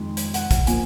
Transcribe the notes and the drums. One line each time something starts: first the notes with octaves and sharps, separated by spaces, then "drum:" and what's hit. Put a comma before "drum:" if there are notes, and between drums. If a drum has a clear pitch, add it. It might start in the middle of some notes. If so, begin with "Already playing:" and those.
Already playing: F2 D#3 G#3
drum: hi-hat
F#5, drum: hi-hat
drum: kick, hi-hat
A#2 F3 A#3 G#5, drum: hi-hat